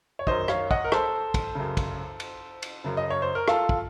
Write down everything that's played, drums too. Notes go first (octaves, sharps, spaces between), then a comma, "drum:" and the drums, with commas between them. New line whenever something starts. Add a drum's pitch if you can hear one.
C#5
F#2 D#3 C5 D#5, drum: kick
C#5 F5, drum: rim click
D#5 F#5, drum: kick
A#4
A4 C5, drum: rim click
drum: kick, cymbal
F#2 C#3
drum: kick, cymbal
drum: cymbal
drum: cymbal
F#2 C#3
D#5
C#5
C5
A#4
F4 A4, drum: rim click
drum: kick